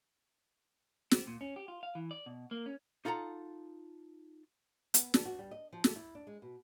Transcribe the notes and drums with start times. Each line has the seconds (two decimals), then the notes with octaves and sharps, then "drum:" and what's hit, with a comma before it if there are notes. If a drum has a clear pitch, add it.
1.11 C4, drum: snare
1.27 A#2
1.41 C#4
1.56 G4
1.68 F4
1.83 F5
1.95 E3
2.11 D5
2.26 B2
2.51 A#3
2.66 C#4
3.05 D#4 F4 A4 F#5 A#5
4.94 B3, drum: hi-hat
5.14 D4, drum: snare
5.25 F#4
5.39 G3
5.51 D#5
5.73 F3
5.84 A3, drum: snare
5.96 E4
6.15 D4
6.27 G#3
6.42 B2